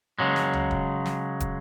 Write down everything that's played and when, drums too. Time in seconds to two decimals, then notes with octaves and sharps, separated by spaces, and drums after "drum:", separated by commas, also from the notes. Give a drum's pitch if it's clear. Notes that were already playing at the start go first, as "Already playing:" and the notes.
0.19 C#3 F#3 G#3
0.36 drum: snare
0.53 drum: tom C#2
0.71 drum: kick
1.06 drum: snare
1.40 drum: kick, hi-hat